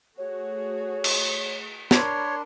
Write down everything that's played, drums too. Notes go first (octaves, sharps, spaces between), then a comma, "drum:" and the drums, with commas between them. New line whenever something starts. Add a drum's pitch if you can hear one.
A3 F#4 G#4 C#5
drum: cymbal
D4 A#4 C#5 B5 C6, drum: snare